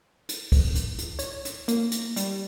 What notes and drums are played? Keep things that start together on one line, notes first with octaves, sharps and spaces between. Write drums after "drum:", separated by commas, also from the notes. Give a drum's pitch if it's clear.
drum: hi-hat
drum: kick, open hi-hat
drum: hi-hat
drum: hi-hat
C#5, drum: hi-hat
drum: hi-hat
A#3, drum: hi-hat
drum: hi-hat
G3, drum: hi-hat